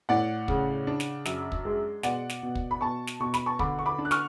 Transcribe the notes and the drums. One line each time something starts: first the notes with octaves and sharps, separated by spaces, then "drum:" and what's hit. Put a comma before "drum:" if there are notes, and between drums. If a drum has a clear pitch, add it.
A2 D5 F#5
C#3, drum: kick
D4
drum: snare
F#2, drum: snare
drum: kick
G#3
B2 D5 F#5, drum: snare
drum: snare
B2
drum: kick
B5
B2 A5 C#6
drum: snare
B2 C#6
B5, drum: snare
A5 C#6
D3 B5 D6, drum: kick
C#6
B5 D6
D4
F#6
C#6 F6, drum: snare